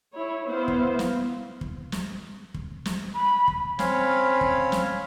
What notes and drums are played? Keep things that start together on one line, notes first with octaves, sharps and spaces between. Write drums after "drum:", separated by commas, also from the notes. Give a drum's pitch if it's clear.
E4 C#5
B3 E4 C5 F5
drum: kick
drum: snare
drum: kick
drum: snare
drum: kick
drum: snare
B5
drum: kick
C4 C#4 C#5 F5 B5, drum: snare
drum: kick
drum: snare